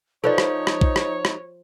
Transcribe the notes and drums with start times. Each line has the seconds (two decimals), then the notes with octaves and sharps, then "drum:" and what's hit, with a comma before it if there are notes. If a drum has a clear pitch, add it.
0.24 F3 D#4 A4 B4 C#5 D5
0.38 drum: rim click
0.67 drum: rim click
0.81 drum: kick
0.96 drum: rim click
1.25 drum: rim click